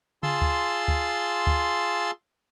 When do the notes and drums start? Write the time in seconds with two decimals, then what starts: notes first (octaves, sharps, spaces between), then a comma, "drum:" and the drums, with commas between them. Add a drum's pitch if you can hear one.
0.23 F4 G#4 A5 C6 E6, drum: tom C#3
0.41 drum: kick D2
0.88 drum: kick D2
1.47 drum: kick D2